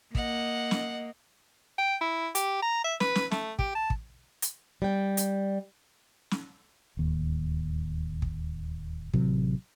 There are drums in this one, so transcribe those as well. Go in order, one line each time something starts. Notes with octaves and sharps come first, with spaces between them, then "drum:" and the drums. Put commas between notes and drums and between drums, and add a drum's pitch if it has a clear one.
A#3 D#5 F#5, drum: kick
drum: snare
G5
E4
G4, drum: hi-hat
A#5
E5
B4, drum: snare
drum: snare
A3, drum: snare
G4, drum: kick
A5
drum: kick
drum: hi-hat
G3 G5
drum: hi-hat
drum: snare
D1 D#2
drum: kick
A1 C3 F#3, drum: kick